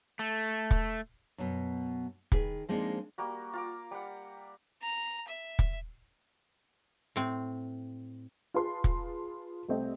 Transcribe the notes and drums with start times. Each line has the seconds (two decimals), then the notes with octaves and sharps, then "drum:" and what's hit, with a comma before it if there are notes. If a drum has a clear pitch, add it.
0.19 A3
0.71 drum: kick
1.38 F#2 B2
2.32 D#3 G#4 B4, drum: kick
2.69 F3 G#3 A#3 C4 D4 D#4
3.18 G3 A#3 F#4
3.53 F4 A#5 D6
3.91 G3 F#5
4.82 A#5
5.28 E5
5.59 drum: kick
7.16 A2 C4
8.54 F4 G#4 B4 A5 C6
8.84 drum: kick
9.69 C2 A3 C4 D#5